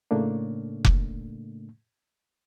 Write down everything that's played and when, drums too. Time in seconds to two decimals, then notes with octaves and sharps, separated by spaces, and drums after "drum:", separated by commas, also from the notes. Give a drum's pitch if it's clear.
0.11 A2 C#3 A3 A#3 D4
0.85 drum: kick F1